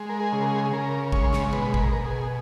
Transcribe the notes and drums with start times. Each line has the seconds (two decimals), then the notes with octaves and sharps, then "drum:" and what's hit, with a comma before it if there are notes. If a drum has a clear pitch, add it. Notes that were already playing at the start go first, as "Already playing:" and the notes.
Already playing: G#3
0.09 A#4
0.20 G#4
0.33 C#3
0.41 A#4
0.47 G#4
0.64 G#4
0.73 C#3 A#4
1.12 G#3 C#5, drum: kick
1.33 drum: snare
1.53 B2 B4, drum: tom C#3
1.74 B4, drum: kick
1.79 A#4
1.93 B2
2.06 G#4